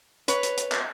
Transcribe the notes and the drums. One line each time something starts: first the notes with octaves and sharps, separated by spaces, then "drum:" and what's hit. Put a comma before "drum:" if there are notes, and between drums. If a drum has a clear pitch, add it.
B4 C#5, drum: hi-hat
drum: hi-hat
drum: hi-hat
drum: clap